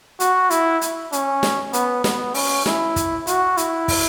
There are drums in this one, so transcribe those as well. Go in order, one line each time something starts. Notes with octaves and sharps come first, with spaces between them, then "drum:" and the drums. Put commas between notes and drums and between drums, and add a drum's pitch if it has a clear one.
F#4, drum: hi-hat
E4, drum: hi-hat
drum: hi-hat
C#4, drum: hi-hat
drum: snare
B3, drum: hi-hat
B3, drum: snare
C#4, drum: open hi-hat
E4, drum: snare
drum: kick, hi-hat
F#4, drum: hi-hat
E4, drum: hi-hat
drum: kick, open hi-hat